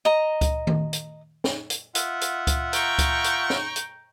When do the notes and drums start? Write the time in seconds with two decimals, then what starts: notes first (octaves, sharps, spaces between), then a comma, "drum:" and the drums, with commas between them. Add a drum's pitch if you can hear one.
0.05 D#5 A#5
0.41 drum: kick C#2, hi-hat
0.67 drum: tom D#3
0.93 drum: hi-hat
1.44 drum: snare
1.70 drum: hi-hat
1.95 F4 E5 F#5, drum: hi-hat
2.21 drum: hi-hat
2.47 drum: kick C#2, hi-hat
2.73 G5 A#5 C#6, drum: hi-hat
2.99 drum: kick C#2, hi-hat
3.24 drum: hi-hat
3.50 drum: snare
3.76 drum: hi-hat